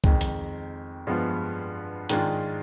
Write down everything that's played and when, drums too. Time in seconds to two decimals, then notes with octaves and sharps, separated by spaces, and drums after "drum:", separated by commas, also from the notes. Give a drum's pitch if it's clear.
0.04 F2 D#3 G#3, drum: kick C2
0.21 drum: hi-hat
1.07 G2 F3 G#3 B3 F4
2.09 G#2 D#3 G#3 D4 F4, drum: hi-hat